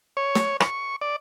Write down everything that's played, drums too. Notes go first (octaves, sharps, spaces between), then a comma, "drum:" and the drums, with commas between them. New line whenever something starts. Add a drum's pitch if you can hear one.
C#5
drum: snare
C#6, drum: rim click
D5